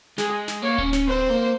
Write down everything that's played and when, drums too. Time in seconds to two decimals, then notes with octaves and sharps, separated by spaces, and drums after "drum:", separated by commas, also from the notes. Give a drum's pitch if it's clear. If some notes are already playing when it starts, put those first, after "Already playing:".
0.18 G#3 G#4, drum: snare
0.48 drum: snare
0.62 A#3 C#5
0.78 C#4, drum: kick D1
0.93 C#4, drum: snare
1.08 C4 C5
1.30 A#3